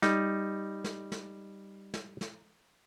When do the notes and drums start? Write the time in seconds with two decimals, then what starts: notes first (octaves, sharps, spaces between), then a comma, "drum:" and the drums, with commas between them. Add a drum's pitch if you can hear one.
0.02 G3 D#4, drum: snare
0.84 drum: snare
1.12 drum: snare
1.94 drum: snare
2.21 drum: snare